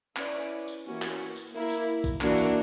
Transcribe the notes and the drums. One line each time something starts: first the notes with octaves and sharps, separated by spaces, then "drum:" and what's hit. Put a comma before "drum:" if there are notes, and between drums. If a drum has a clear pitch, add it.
C#4 E4 B4 D5, drum: clap
drum: tambourine
E3 A#3 C#4 F#4
drum: clap
drum: tambourine
A#3 E4 A#4
drum: tambourine
drum: kick, tambourine
E3 A#3 D4 F#4, drum: clap
drum: tambourine